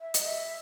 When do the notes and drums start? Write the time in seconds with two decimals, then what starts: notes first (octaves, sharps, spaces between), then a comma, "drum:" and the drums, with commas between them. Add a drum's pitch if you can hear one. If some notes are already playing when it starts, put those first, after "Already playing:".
0.01 E5
0.14 D#5, drum: hi-hat
0.27 E5